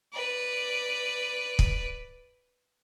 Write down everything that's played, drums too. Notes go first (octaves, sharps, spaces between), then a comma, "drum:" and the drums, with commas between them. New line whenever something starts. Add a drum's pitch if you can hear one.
B4 D5
drum: kick